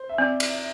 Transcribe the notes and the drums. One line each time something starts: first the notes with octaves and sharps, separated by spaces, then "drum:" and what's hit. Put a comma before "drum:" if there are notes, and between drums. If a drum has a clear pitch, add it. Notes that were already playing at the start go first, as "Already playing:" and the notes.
Already playing: C5
E5
C4 D5
drum: cymbal